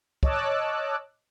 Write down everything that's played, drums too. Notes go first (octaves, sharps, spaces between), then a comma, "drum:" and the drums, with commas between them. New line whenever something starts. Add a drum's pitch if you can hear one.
C#5 D#5 A5 D6 E6 F#6, drum: kick